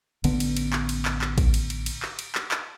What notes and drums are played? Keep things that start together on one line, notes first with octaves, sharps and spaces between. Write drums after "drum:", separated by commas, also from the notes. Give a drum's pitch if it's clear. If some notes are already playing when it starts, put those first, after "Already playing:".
A1 D3 B3, drum: cymbal
drum: cymbal
drum: cymbal
drum: clap
drum: cymbal
drum: clap
drum: clap
drum: kick, cymbal
drum: cymbal
drum: cymbal
drum: cymbal
drum: clap
drum: cymbal
drum: clap
drum: clap